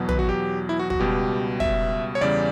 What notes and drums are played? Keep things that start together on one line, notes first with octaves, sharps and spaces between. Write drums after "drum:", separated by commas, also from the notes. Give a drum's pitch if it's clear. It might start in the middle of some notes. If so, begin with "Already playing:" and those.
Already playing: E2 B2 F#3
B4, drum: tom
F#4
G4
E4
F#4
F#4, drum: kick
C#2 B2 G3 G4
E5, drum: kick
C#5
E2 C#3 G3 D5